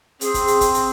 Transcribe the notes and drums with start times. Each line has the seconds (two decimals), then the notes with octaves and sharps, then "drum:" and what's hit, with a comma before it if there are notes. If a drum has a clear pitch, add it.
0.21 C4 G#4, drum: hi-hat
0.34 drum: kick, hi-hat
0.47 drum: hi-hat
0.61 drum: kick, hi-hat
0.74 drum: hi-hat